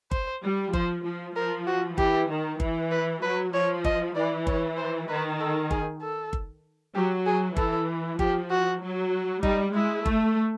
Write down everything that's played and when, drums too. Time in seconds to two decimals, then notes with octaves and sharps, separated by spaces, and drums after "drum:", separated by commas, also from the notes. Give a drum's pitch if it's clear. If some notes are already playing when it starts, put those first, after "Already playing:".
0.11 C5, drum: kick G1
0.42 G3
0.73 F3 C5, drum: kick G1
1.05 F3
1.36 F3 A#4
1.67 F#4
1.98 E3 G4, drum: kick G1
2.29 D#3
2.60 E3, drum: kick G1
2.91 B4
3.22 F#3 B4
3.53 F3 C#5
3.85 D#5, drum: kick G1
4.15 E3 D5
4.47 C#5, drum: kick G1
4.77 C5
5.09 D#3 B4
5.40 A4
5.71 G#4, drum: kick G1
6.02 A4
6.33 drum: kick G1
6.95 F#3 G4
7.26 G#4
7.57 E3 A4, drum: kick G1
8.19 F3 G4, drum: kick G1
8.50 F#4
8.82 F#3
9.43 G3 D#4, drum: kick G1
9.74 G#3 E4
10.06 A3, drum: kick G1